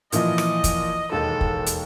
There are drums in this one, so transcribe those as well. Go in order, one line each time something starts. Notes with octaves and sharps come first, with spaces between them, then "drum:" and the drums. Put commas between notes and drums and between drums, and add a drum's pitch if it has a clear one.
A#2 E3 F3 D#5, drum: hi-hat
drum: rim click
drum: kick, hi-hat
E1 D#2 D#4 A4
drum: kick
drum: hi-hat